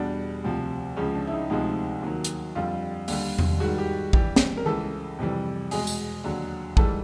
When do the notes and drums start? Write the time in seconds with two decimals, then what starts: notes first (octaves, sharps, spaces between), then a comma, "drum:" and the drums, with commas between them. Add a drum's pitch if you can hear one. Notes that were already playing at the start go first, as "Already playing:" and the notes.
Already playing: E2 B2 G3 D4
0.44 D2 C3 F3
0.97 C#2 C#3 F3 C#4
1.15 D4
1.27 E4
1.32 D#4
1.50 D2 C3 F3 G#3 D#4
2.02 D#2 D#3 F#3
2.24 drum: hi-hat
2.55 F2 D3 G3 F4
3.08 D#2 D3 G3, drum: open hi-hat
3.39 drum: tom E2
3.60 G#2 D#3 G3 F#4
3.78 G4
4.13 G2 E3 G3 G4, drum: kick
4.36 drum: snare
4.57 A#4
4.66 C#2 C#3 E3 A4
5.19 F2 C3 E3 G3
5.71 E2 B2 G#3 G#4, drum: open hi-hat
5.87 drum: tambourine
6.24 D#2 D3 F#3
6.77 G#2 E3 G3 A4, drum: kick